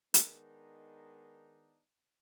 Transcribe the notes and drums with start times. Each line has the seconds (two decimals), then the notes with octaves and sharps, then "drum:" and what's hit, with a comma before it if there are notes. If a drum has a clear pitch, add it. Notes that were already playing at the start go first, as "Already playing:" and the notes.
0.14 D#3 G#3 B3 D4 D#4, drum: hi-hat